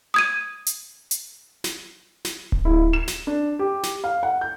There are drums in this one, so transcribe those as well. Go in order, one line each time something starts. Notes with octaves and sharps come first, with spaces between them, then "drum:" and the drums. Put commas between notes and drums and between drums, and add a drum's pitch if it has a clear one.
D#6 G#6 D#7
drum: hi-hat
drum: hi-hat
drum: snare
drum: snare
drum: kick D1
E4
E7
drum: snare
D4
G4
drum: snare
F5
F#5
G6